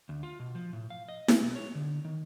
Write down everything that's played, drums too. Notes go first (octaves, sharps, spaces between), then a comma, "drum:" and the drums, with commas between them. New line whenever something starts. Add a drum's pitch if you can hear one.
D2
F4
B2
F3
A2
F5
D#5
B3, drum: snare E4
B1
C#5
D3
D#3